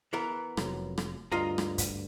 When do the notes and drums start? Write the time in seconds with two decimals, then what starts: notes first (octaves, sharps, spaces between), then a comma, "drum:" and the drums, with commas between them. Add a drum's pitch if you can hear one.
0.13 E3 B3 A#4
0.57 F1 F2 F#3, drum: rim click
0.98 drum: rim click
1.32 D2 G2 F4 D#5 A#5
1.58 drum: rim click
1.78 drum: kick, hi-hat